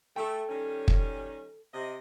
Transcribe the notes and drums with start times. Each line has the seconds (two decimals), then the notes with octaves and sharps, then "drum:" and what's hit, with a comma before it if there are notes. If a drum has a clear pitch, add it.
0.16 A3 A4 G5
0.49 D#3 G3 C#4
0.88 drum: kick
1.73 C3 D#5